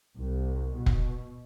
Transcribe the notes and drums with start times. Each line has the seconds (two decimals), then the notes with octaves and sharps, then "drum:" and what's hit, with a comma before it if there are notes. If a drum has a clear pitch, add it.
0.16 C2
0.74 B2
0.86 drum: kick